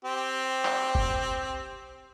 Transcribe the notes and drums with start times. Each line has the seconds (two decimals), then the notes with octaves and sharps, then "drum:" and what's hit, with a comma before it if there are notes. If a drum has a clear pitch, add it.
0.05 C4 G4
0.65 drum: clap
0.95 drum: kick F#1